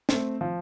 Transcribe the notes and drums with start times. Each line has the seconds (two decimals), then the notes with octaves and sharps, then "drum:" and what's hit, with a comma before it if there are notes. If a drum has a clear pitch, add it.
0.09 A3 C4, drum: snare
0.41 F3